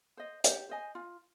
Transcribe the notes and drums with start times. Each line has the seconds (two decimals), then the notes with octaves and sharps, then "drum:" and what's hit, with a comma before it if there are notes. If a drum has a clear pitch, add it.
0.17 C5 D#5
0.44 G4, drum: hi-hat
0.69 C5 D#5 G#5
0.95 F4